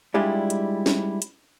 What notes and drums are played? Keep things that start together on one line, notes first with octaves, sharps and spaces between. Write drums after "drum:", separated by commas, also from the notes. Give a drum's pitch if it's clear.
G3 G#3 D4 E4 F4 G4
drum: hi-hat
drum: snare
drum: hi-hat